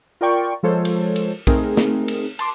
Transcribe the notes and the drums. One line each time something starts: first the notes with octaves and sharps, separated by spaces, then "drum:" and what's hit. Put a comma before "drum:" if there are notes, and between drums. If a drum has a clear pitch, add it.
F4 A#4 D5 G5 C#6
F3 G#3 F4 A4 C5 C#5
drum: cymbal
drum: cymbal
A3 C4 D#4 G#4 A#4, drum: kick, cymbal
drum: snare
drum: cymbal
A5 C6 D6, drum: cymbal